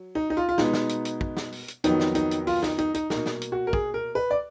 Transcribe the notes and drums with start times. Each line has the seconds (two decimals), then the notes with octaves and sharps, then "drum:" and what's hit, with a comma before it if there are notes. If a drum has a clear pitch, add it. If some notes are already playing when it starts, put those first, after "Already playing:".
Already playing: F#3
0.15 D#4
0.30 D#4
0.37 F4
0.49 F4
0.58 B2 G#3 B3 D#4, drum: snare
0.74 drum: snare
0.89 drum: hi-hat
1.05 drum: hi-hat
1.21 drum: kick
1.37 drum: snare
1.52 drum: open hi-hat
1.68 drum: hi-hat
1.84 F2 D#3 F#3 B3 D#4, drum: hi-hat
2.00 drum: snare
2.15 D#4, drum: hi-hat
2.31 drum: hi-hat
2.47 F4, drum: open hi-hat
2.63 D#4, drum: snare
2.78 D#4, drum: hi-hat
2.94 D#4, drum: hi-hat
3.10 B2 A#3 D#4, drum: snare
3.26 drum: snare
3.42 drum: hi-hat
3.52 F#4
3.67 A#4
3.73 G#4, drum: kick
3.94 A#4
4.15 B4
4.31 D5